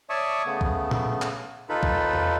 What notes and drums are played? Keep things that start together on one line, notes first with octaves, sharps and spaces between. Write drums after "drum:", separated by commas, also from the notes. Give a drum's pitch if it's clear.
C#5 D5 E5 A5 C#6 D#6
C#3 A3 B3
drum: kick B1
drum: tom A#2
drum: clap
D#2 D#4 F4 A4 B4 B5
drum: kick B1
drum: tom E2